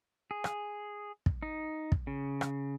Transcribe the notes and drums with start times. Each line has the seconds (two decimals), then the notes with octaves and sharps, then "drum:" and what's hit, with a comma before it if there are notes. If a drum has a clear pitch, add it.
0.31 G#4
0.44 drum: rim click
1.26 drum: kick
1.43 D#4
1.92 drum: kick
2.07 C#3
2.41 drum: rim click